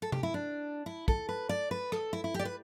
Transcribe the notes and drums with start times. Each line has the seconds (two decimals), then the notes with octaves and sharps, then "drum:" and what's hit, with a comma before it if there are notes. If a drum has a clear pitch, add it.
0.02 A4
0.12 G4, drum: tom
0.23 E4
0.34 D4
0.86 E4
1.08 A4, drum: kick
1.29 B4
1.49 D5
1.71 B4
1.92 A4, drum: rim click
2.13 E4
2.24 E4
2.34 G4
2.39 D5
2.45 B4